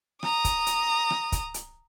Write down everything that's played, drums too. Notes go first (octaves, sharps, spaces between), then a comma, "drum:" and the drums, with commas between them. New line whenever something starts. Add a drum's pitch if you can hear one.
A#5 D#6, drum: rim click
drum: kick, hi-hat
drum: hi-hat
drum: rim click
drum: kick, hi-hat
drum: hi-hat